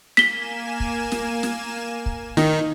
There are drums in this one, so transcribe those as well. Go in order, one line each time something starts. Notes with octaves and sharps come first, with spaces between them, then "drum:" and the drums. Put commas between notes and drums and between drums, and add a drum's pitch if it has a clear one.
A#3 G#5 B6 E7 G7, drum: snare
drum: kick
drum: snare
drum: snare
drum: kick
D#3 D#4, drum: snare